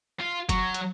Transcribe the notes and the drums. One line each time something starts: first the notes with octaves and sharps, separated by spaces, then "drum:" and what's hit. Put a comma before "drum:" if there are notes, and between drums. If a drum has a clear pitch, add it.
F4
F#3, drum: kick F1, hi-hat
drum: hi-hat